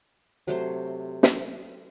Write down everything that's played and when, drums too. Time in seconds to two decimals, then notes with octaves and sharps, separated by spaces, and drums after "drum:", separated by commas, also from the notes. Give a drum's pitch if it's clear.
0.48 C3 F#3 A3 C5
1.23 drum: snare